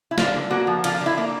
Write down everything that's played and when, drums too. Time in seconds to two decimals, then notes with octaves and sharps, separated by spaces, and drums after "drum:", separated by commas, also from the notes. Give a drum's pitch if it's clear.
0.11 E4
0.18 D3 F4, drum: snare
0.35 D3
0.50 A#3 F#4
0.67 F3
0.84 D3 F4, drum: cymbal
1.01 D3 E4
1.18 A#3